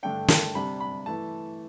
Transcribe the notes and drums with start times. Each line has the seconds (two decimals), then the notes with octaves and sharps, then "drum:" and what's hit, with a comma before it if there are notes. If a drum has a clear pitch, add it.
0.03 G2 D3 A3 D4 G5
0.28 A5, drum: snare
0.55 C3 G3 D4 B5
0.80 B5
1.06 E3 A3 A5